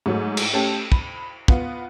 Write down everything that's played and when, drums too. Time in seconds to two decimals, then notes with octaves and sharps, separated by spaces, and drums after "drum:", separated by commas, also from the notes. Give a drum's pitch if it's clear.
0.06 G#2 F#3 A3
0.37 drum: cymbal
0.53 A3 C#4 G4 A4
0.92 B5, drum: kick
1.48 B3 F4, drum: kick